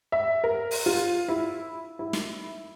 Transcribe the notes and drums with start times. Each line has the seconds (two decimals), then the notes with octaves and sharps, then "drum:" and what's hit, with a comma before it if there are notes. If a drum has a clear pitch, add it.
0.12 E5
0.44 A#4
0.71 drum: open hi-hat
0.86 F4
1.28 E4
1.99 E4
2.13 drum: snare